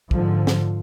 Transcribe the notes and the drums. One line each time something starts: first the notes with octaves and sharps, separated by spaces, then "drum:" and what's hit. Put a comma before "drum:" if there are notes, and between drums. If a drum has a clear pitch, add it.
G#2 D3 F3, drum: kick
drum: snare